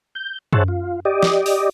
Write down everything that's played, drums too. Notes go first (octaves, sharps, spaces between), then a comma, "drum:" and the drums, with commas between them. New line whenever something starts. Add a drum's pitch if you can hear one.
G6
G#4 C5 C#5 E5 F#5 A5, drum: tom F#2
F4
G4 D5 D#5
drum: snare
drum: open hi-hat